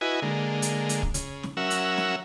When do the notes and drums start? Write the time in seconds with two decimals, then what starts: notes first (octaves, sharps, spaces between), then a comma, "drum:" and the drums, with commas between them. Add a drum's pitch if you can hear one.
0.01 E4 F#4 B4 D#5 G#5
0.22 D3 G#3 A#3
0.62 drum: hi-hat
0.89 drum: hi-hat
1.03 drum: kick
1.14 C#3, drum: hi-hat
1.43 drum: snare
1.57 F#3 C#4 A#4 E5 F#5 E6
1.70 drum: hi-hat
1.97 drum: snare